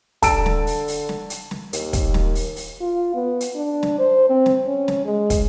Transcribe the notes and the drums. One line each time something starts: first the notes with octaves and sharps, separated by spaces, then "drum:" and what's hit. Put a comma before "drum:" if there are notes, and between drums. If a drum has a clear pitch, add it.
D3 A5 E6 D7, drum: kick, hi-hat
drum: snare
drum: open hi-hat
drum: open hi-hat
drum: snare
drum: hi-hat
drum: snare
D#2, drum: hi-hat
drum: kick, hi-hat
drum: snare
drum: open hi-hat
drum: open hi-hat
F4
B3
drum: hi-hat
D4
drum: snare
C5
C4
drum: snare
C#4
drum: snare
G#3
drum: kick, hi-hat